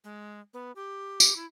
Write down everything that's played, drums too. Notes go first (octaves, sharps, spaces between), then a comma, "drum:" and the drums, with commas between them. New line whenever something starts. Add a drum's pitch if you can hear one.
G#3
B3
G4
drum: tambourine
E4